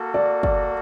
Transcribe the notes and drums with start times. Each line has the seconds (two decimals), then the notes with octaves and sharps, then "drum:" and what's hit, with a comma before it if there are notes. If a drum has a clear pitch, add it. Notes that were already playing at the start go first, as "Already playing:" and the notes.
Already playing: A#3 F#4 A4
0.14 D5
0.43 D5, drum: kick